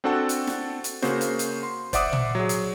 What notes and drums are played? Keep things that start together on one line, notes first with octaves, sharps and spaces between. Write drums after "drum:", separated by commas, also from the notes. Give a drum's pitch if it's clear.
C4 D4 F#4 A4 F#5 A5
drum: hi-hat
drum: snare
drum: hi-hat
C#3 A#3 F#4 C5, drum: snare
drum: hi-hat
drum: hi-hat
C6
C5 D5 E5 F#5 D6 D#6, drum: kick, hi-hat
drum: tom
F#3 G#4
drum: hi-hat